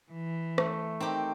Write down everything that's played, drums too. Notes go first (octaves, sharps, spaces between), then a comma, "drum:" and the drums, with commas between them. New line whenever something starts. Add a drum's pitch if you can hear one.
E3
A3, drum: rim click
D#3 C4 G4